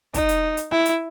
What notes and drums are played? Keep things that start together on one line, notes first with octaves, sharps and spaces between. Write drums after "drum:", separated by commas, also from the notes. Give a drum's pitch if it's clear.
D#4, drum: kick, hi-hat
drum: hi-hat
drum: hi-hat
E4, drum: rim click
drum: hi-hat